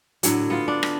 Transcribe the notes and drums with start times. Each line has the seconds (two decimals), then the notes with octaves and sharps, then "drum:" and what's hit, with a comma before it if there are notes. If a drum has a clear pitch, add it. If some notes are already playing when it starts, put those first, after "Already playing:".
0.23 A2 D3 F#3, drum: hi-hat
0.50 B3 F4
0.68 D4
0.83 drum: rim click